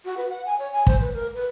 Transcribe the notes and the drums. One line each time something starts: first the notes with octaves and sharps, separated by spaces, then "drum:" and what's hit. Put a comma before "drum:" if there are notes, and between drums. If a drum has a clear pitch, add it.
F#4
B4
F#5
G#5
C#5
G#5
C5, drum: kick
B4
A#4
B4